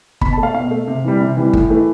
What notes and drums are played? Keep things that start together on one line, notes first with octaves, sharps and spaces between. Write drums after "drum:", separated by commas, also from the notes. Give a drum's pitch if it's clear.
B2 B5, drum: kick G1
A3 A5
F5
B2 F5
A3
C3
E3 G3
C3
E3 G3
A2, drum: kick G1
E3 A3